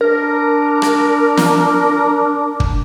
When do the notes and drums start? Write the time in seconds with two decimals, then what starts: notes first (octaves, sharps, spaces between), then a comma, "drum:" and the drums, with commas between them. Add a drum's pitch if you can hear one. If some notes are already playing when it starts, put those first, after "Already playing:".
0.01 D4 A#4
0.82 drum: rim click
1.37 drum: snare
2.60 drum: kick